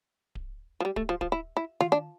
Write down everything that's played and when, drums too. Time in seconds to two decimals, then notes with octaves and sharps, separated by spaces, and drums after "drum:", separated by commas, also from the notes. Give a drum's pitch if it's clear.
0.35 drum: kick D1
0.80 F3
0.85 G3
0.96 A3, drum: kick D1
1.09 F3
1.21 F3, drum: kick D1
1.32 E4
1.57 E4
1.81 F4, drum: tom D#3
1.92 D4